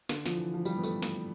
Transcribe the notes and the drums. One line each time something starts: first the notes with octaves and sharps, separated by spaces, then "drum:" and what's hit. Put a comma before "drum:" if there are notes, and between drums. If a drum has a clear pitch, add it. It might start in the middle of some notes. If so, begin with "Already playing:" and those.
D3, drum: snare
F3, drum: snare
E3
F3
G3, drum: tambourine
B3
A3, drum: tambourine
drum: snare